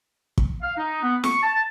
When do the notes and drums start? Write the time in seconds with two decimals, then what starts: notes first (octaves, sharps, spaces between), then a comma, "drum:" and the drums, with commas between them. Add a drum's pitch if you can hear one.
0.38 drum: kick
0.61 F5
0.77 D#4
1.02 B3
1.24 C#6, drum: snare
1.41 A5